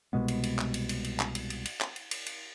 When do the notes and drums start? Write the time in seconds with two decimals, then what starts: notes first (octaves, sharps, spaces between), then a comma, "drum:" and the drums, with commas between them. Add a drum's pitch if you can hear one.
0.13 C2 B2 G#3 B3
0.28 drum: cymbal
0.43 drum: cymbal
0.59 drum: clap
0.74 drum: cymbal
0.89 drum: cymbal
1.04 drum: cymbal
1.20 drum: clap
1.35 drum: cymbal
1.50 drum: cymbal
1.65 drum: cymbal
1.81 drum: clap
1.96 drum: cymbal
2.11 drum: cymbal
2.26 drum: cymbal